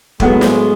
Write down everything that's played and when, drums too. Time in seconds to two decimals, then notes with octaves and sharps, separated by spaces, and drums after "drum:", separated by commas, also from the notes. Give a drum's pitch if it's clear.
0.20 A2 F#3 G#3 B3, drum: kick
0.41 drum: snare